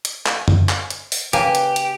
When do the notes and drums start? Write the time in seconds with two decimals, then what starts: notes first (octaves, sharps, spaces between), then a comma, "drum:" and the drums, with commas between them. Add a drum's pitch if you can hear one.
0.05 drum: hi-hat
0.26 drum: clap
0.48 drum: tom
0.69 drum: clap
0.90 drum: hi-hat
1.12 drum: open hi-hat
1.33 C#3 A#3 G4 B4 G#5, drum: hi-hat
1.55 drum: hi-hat
1.76 drum: hi-hat